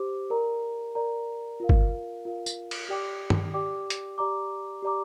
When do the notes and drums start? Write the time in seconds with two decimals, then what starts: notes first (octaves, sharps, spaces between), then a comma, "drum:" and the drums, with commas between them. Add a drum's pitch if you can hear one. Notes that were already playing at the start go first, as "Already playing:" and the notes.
Already playing: G4 C5 D6
0.30 A#4 D5 A#5
0.95 A#4 D5 A#5
1.60 F4 A#4 F5
1.69 drum: kick
2.25 F4 A#4 F5
2.46 drum: tambourine
2.71 drum: cymbal
2.89 G4 D5 G5 D6
3.30 drum: tom
3.54 G4 D5 G5 D6
3.90 drum: hi-hat
4.18 G4 D5 A#5 D6
4.82 G4 D5 A#5 D6